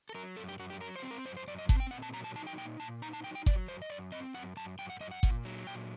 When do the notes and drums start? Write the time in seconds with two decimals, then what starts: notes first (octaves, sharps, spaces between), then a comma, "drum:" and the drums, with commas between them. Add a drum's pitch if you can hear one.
0.09 A4
0.15 F#3 A#4
0.37 F#2 A4
0.48 G4
0.59 F#2 F#4
0.70 G4
0.81 F#3 A#4
0.96 C5
1.03 C4
1.11 A#4
1.25 F#2 C5
1.37 C5
1.47 F#2 D5
1.58 D#5
1.69 C4 A5, drum: kick G1
1.80 G5
1.91 A#2 F#5
2.02 A5
2.14 F#3 A#5
2.24 A5
2.36 D#4 A5
2.47 G5
2.58 A#2 G5
2.80 A#2 A5
3.02 D#4 A#5
3.13 A5
3.24 F#3 G5
3.35 G5
3.46 F#3 D5, drum: kick G1
3.68 F#2 C5
3.82 D#5
3.90 F#2 D5
4.12 C4 D#5
4.34 F#2 F#5
4.57 F#2 A5
4.79 F#2 G5
4.90 F#5
5.00 F#2 D#5
5.11 F#5
5.23 A#2, drum: kick G1
5.45 F#3
5.67 A#2 G5